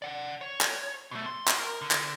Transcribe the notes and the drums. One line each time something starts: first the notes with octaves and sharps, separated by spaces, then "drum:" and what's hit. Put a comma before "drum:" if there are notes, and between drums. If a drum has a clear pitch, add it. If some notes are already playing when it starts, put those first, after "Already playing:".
D5 F#5
C#5
drum: clap
B2 A3
C6
drum: clap
A#4
D3
drum: clap